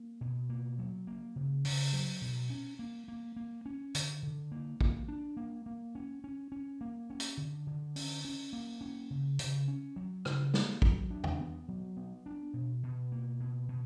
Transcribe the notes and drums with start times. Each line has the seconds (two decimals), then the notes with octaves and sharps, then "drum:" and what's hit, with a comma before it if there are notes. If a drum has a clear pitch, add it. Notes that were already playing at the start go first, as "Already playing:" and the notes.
Already playing: A#3
0.21 B2
0.49 A#3
0.78 F#3
1.07 A#3
1.36 C#3
1.65 C#3, drum: open hi-hat
1.93 F#3
2.21 B2
2.50 C#4
2.79 A#3
3.08 A#3
3.36 A#3
3.66 C#4
3.95 D3, drum: hi-hat
4.23 D3
4.52 A#3
4.81 A#3, drum: kick
5.08 D4
5.37 A#3
5.66 A#3
5.95 C#4
6.24 C#4
6.52 C#4
6.81 A#3
7.10 C#4
7.20 drum: hi-hat
7.37 D3
7.67 D3
7.96 C#4, drum: open hi-hat
8.25 C#4
8.53 A#3
8.81 C#4
9.10 C#3
9.39 C#3, drum: hi-hat
9.68 C#4
9.96 F#3
10.25 C#3, drum: rim click
10.54 A#3, drum: snare
10.82 F#3, drum: kick
11.10 D4
11.24 drum: tom E2
11.40 B3
11.68 F#3
11.97 B3
12.26 D4
12.54 B2
12.83 B2
13.12 A#3
13.40 B2
13.69 B2